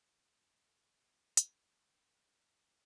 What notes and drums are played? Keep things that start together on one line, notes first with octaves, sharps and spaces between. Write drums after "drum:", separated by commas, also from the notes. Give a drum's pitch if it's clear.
G5 B5 G6, drum: hi-hat